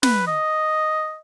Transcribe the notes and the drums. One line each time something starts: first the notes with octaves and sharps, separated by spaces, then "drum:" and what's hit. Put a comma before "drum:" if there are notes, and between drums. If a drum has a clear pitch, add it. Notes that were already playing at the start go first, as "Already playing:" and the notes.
B4, drum: snare
D#5